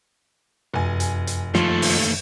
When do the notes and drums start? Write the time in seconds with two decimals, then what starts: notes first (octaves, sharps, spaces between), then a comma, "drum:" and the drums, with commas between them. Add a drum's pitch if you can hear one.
0.74 F1 F#2 G#5
1.00 drum: hi-hat
1.27 drum: hi-hat
1.55 D#2 F3 A3, drum: snare
1.82 drum: open hi-hat